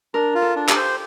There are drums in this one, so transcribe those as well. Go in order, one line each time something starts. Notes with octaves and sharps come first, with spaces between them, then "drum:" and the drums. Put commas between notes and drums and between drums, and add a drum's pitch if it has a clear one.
D4 A#4
F4
A4
D4
G4, drum: clap
C5